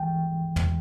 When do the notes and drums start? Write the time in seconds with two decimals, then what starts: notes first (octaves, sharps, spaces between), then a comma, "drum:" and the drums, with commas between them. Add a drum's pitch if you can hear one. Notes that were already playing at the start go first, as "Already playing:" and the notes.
Already playing: C#2 E3 G5
0.56 drum: tom